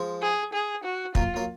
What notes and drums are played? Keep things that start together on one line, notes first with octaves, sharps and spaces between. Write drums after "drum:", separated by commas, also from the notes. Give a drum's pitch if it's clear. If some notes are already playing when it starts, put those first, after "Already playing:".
Already playing: F3 G#3
G#4
G#4
F#4
F#3 A#3 F4, drum: kick
F#3 A#3